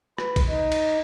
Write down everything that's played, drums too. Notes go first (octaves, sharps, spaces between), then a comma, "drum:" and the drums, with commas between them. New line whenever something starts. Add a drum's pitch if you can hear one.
B4, drum: rim click
drum: kick, cymbal
D#4
drum: cymbal